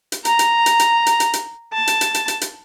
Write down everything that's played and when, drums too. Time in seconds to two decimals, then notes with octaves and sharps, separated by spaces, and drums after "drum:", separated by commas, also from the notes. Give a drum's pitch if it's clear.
0.12 drum: hi-hat
0.25 A#5, drum: hi-hat
0.39 drum: hi-hat
0.66 drum: hi-hat
0.79 drum: hi-hat
1.06 drum: hi-hat
1.20 drum: hi-hat
1.33 drum: hi-hat
1.74 A5
1.87 drum: hi-hat
2.01 drum: hi-hat
2.14 drum: hi-hat
2.28 drum: hi-hat
2.41 drum: hi-hat